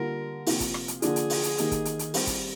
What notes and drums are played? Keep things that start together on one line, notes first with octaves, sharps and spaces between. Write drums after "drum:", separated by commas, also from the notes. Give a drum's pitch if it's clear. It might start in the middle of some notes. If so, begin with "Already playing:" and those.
Already playing: D3 G3 A#3 F4 A#4
C3 F3 A#3 F4, drum: open hi-hat
drum: kick, hi-hat
drum: rim click
drum: hi-hat
D3 F3 A#3 D4 F4 G#4, drum: hi-hat
drum: hi-hat
drum: open hi-hat
drum: hi-hat
D#3 A#3 D#4 G4, drum: hi-hat
drum: kick, hi-hat
drum: hi-hat
drum: hi-hat
G3 C4 G4, drum: open hi-hat
drum: kick, hi-hat